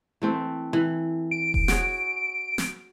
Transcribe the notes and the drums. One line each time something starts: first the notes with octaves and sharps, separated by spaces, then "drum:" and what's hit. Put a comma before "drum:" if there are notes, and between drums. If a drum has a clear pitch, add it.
E3 A3 C4
E3
D7
drum: kick E1
F#4 G#4 C#5, drum: snare
drum: snare